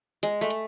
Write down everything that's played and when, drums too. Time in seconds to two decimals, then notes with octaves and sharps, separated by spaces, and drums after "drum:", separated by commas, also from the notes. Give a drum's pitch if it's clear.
0.23 G#3, drum: hi-hat
0.41 A3
0.50 drum: hi-hat